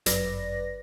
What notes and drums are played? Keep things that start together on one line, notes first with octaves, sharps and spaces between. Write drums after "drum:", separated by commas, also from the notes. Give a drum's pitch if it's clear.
G1 F#2 F#3 B4 D5 A#6, drum: hi-hat